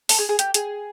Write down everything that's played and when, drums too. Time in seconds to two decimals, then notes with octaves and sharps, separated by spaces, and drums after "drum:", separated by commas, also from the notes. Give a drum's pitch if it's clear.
0.09 A4, drum: open hi-hat
0.19 G#4
0.29 G#4
0.39 G4, drum: hi-hat
0.54 G#4, drum: hi-hat